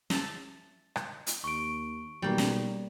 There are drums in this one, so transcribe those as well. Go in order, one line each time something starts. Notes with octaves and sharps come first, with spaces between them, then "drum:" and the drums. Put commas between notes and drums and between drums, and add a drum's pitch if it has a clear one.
E5 A5, drum: snare
drum: rim click
drum: hi-hat
D#2 C#6 D7
B1 G3 A#3
drum: snare